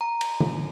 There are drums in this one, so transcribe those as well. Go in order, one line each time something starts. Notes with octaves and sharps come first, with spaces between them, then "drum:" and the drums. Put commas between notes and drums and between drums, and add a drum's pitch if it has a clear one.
A#5
drum: cymbal
drum: tom